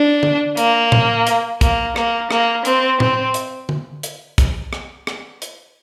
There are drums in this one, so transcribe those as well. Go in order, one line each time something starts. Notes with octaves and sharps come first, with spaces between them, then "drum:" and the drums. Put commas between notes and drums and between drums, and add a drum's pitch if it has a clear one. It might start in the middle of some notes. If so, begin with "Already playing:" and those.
Already playing: D4
drum: tom D3
A#3, drum: hi-hat
drum: tom A2
drum: hi-hat
A#3, drum: kick, hi-hat
A#3, drum: rim click
A#3, drum: rim click
C4, drum: hi-hat
C4, drum: tom A2
drum: hi-hat
drum: tom D3
drum: hi-hat
drum: kick, hi-hat
drum: rim click
drum: rim click
drum: hi-hat